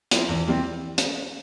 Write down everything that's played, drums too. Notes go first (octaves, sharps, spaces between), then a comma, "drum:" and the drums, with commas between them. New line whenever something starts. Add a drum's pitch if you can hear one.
F3 C4 E4, drum: hi-hat
E2
E3 G3 C4
drum: hi-hat